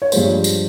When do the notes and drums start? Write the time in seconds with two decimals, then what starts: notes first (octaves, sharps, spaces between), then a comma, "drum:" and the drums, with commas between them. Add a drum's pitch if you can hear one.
0.02 C#5
0.12 G2 F3 G#3 C5, drum: tambourine
0.44 drum: tambourine